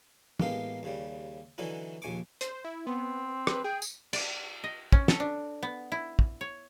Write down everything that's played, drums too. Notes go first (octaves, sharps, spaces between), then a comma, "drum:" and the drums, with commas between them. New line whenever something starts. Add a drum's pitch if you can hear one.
A1 G#3 A#3 B3 G4 F5, drum: tom
D#2 C#3 G3
D3 E3 F#3 C#4 D#4 E4
A#1 D#2 G#5 C#6 D6
C5, drum: hi-hat
E4
B3 C4
B4, drum: rim click
G#4 G5
drum: tambourine
D5, drum: cymbal
D#5
C#4, drum: kick
A4, drum: snare
D4
B3
E4
drum: kick
C#5